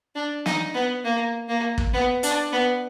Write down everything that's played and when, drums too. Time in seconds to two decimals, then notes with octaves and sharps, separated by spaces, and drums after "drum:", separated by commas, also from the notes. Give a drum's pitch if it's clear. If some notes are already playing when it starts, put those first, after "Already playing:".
0.15 D4
0.46 D#4, drum: snare
0.74 B3
1.04 A#3
1.49 A#3
1.78 drum: kick
1.93 B3
2.23 D4, drum: hi-hat
2.52 B3